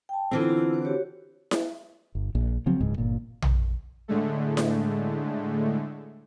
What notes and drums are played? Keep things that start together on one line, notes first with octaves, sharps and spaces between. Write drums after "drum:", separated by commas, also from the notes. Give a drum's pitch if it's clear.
G5 A5
D3 E3 C4 E4 F4
F#4 G4 C#5
drum: snare E4
G1
A#1 A#2
C#3 F3 F#3 C4
D1 C#2 G#2
G1 A#2
drum: tom A#1
A2 D3 G#3 A3
drum: snare E4